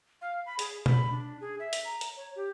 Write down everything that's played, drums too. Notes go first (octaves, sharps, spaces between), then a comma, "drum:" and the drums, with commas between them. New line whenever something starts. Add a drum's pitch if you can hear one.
F5
B5
G#4, drum: hi-hat
B5, drum: tom B2
D4
G#4
E5
drum: hi-hat
A#5
drum: hi-hat
C#5
G4